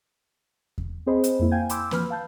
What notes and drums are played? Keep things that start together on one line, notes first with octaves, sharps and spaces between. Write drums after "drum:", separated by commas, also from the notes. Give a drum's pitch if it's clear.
drum: kick E2
C4 G#4 C5 D#5 B5
drum: hi-hat
F2 A#3 E4
F5 G5 G#5 G6 G#6
B5 C6 D6 E6 G6, drum: hi-hat
F3 B4 B5 F6, drum: snare A#3
F5 A5 G6